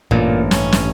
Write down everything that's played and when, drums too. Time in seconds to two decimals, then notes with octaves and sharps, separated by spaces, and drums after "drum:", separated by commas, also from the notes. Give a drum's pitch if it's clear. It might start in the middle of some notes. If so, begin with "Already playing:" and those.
0.11 A1 G2 A#2
0.51 D#2 C#4, drum: snare
0.72 drum: snare